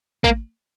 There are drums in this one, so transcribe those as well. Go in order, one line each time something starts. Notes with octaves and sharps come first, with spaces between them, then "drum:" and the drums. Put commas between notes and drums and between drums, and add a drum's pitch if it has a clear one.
A#3, drum: kick